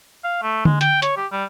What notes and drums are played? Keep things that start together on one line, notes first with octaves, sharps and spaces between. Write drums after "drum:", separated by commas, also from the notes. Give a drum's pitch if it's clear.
F5
A3
G#3, drum: tom D3
G5, drum: hi-hat
C#5, drum: hi-hat
G4
G3